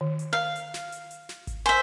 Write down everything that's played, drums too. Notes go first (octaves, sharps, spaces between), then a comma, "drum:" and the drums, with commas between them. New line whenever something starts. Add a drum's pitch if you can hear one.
D#3
drum: hi-hat
F5
drum: hi-hat
drum: snare
drum: hi-hat
drum: hi-hat
drum: snare
drum: kick G#1, hi-hat
C5 E5 G#5